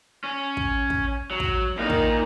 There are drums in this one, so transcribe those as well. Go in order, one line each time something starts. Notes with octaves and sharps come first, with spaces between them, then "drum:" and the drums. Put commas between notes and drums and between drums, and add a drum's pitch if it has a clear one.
C#4
drum: kick
drum: kick
F#3
drum: kick
A#2 D#3 D#4 F5
drum: kick